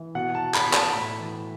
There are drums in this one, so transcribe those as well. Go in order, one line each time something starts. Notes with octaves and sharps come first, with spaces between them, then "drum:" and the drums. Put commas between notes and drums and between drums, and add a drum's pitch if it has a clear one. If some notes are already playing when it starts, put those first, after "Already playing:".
Already playing: E3
B2 F#5
A5
B2
B5, drum: clap
B2
A5, drum: clap
A2 B5
E3